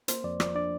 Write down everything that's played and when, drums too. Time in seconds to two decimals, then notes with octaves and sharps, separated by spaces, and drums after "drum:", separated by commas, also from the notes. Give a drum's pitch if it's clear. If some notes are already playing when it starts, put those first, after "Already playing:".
0.08 A#3 C5, drum: hi-hat
0.24 F2 D5
0.40 F3 D5, drum: rim click
0.55 D4 D5